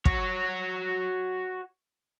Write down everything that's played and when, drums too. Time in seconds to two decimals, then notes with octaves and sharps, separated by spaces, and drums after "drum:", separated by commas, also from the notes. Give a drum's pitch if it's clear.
0.05 F#4 C#5, drum: kick